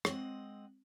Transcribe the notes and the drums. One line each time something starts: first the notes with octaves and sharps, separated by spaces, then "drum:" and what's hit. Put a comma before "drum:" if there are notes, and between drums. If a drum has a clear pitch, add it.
G#3 C4 D#5 F#5, drum: rim click